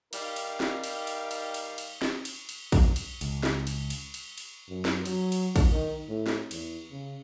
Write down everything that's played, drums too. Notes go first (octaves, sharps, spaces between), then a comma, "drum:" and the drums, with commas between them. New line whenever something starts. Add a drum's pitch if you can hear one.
G3 D#4 A#4 D5 F5 G5, drum: cymbal
drum: cymbal
drum: snare
drum: cymbal
drum: cymbal
drum: cymbal
drum: cymbal
drum: cymbal
drum: snare
drum: cymbal
drum: cymbal
drum: kick A#1, cymbal
drum: cymbal
C#2, drum: cymbal
drum: snare
drum: cymbal
drum: cymbal
drum: cymbal
drum: cymbal
F#2
drum: snare
F#3, drum: cymbal
drum: cymbal
drum: kick A#1, cymbal
D#3
A2
drum: snare
E2, drum: cymbal
C#3